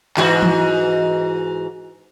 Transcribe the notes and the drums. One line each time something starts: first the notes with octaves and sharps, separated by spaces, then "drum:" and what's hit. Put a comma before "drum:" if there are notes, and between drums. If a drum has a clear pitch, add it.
G#2 E3 F#4, drum: clap
drum: tom E3